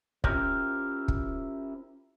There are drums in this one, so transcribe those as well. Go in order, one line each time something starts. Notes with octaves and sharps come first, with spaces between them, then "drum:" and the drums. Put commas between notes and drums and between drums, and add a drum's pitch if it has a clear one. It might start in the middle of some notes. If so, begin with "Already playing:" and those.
C#4 E4 F4 G4 A#4 C5, drum: kick
drum: kick